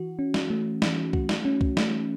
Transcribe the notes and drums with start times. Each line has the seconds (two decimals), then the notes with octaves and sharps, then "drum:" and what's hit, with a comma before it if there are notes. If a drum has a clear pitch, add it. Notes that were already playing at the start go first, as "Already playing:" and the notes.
Already playing: E3 F#4
0.19 C#4
0.34 drum: snare
0.50 A3
0.82 E3, drum: snare
1.13 F#4, drum: kick C2
1.29 drum: snare
1.45 C#4
1.61 drum: kick C2
1.77 A3, drum: snare